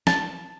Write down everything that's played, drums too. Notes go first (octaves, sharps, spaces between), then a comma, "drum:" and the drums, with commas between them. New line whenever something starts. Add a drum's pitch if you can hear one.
A5, drum: snare